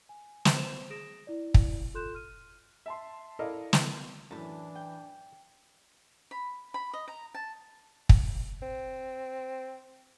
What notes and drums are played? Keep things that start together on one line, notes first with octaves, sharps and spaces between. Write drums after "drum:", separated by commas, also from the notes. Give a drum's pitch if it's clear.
G#5
drum: snare
C5 B5 E7 F7
G#4 D#6 A#6 D7 E7
E4 D5
drum: kick
F4 A4 C6 F#6 G6 E7
F6 D#7
E5 A5 C6
E4 A4 A#4 D5 D#5 F5
drum: snare
F#2 A2 E3 D4 A5 B5
G5
B5
B5
D#5
A#5
A5
drum: kick
C4